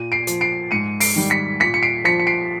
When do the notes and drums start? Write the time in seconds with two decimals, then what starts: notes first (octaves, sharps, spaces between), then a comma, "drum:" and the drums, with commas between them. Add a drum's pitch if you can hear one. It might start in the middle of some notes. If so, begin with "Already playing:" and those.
Already playing: A#2 D#7
0.12 C7 D7
0.27 F3, drum: hi-hat
0.41 C7 D7
0.71 G#2 C#7 D#7
1.00 C7 D7, drum: open hi-hat
1.16 D#3 G3
1.30 B6 C#7
1.60 A#2 B6 C#7
1.74 C#7
1.83 C7 D7
2.04 F3 B6 C#7
2.19 C#7
2.27 C7 D7